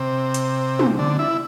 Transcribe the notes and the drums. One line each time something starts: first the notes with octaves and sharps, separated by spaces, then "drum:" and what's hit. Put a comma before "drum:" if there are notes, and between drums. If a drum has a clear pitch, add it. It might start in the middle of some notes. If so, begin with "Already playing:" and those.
Already playing: C3
drum: hi-hat
drum: tom
D3
E4